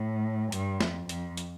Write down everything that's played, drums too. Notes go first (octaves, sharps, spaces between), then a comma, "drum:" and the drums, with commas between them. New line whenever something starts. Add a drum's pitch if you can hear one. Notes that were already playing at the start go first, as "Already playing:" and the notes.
Already playing: A2
G2, drum: hi-hat
F2, drum: snare
F2, drum: hi-hat
drum: hi-hat